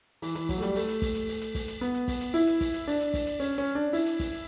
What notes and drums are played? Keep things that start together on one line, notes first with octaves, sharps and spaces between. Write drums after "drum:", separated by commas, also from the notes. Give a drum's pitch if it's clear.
E3, drum: open hi-hat
E3, drum: hi-hat
F#3, drum: kick, open hi-hat
A3
G3, drum: hi-hat
A3, drum: open hi-hat
drum: hi-hat
drum: kick, open hi-hat
drum: hi-hat
drum: open hi-hat
drum: hi-hat
drum: kick, open hi-hat
drum: hi-hat
B3
drum: hi-hat
drum: kick, open hi-hat
drum: hi-hat
E4, drum: open hi-hat
drum: hi-hat
drum: kick, open hi-hat
drum: hi-hat
D4, drum: open hi-hat
drum: hi-hat
drum: kick, open hi-hat
drum: hi-hat
C#4, drum: open hi-hat
C#4
D4
E4, drum: open hi-hat
drum: hi-hat
drum: kick, open hi-hat